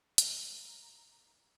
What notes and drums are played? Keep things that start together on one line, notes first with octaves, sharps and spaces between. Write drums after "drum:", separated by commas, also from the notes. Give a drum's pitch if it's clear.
A#5, drum: hi-hat